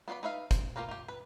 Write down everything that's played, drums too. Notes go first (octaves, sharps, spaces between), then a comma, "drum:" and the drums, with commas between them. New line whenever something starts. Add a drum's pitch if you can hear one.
B3 F4 B4 D5 B5
D#4 B4 E5 F5
C5, drum: kick, hi-hat
A#3 F4 G4 A#4 B4
F4 G4
B4